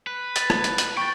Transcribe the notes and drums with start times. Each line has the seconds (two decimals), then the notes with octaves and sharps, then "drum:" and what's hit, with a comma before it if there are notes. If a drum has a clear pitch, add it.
0.07 B4
0.36 A6, drum: hi-hat
0.50 drum: rim click
0.64 drum: hi-hat
0.78 drum: hi-hat
0.97 G5 C#6 A6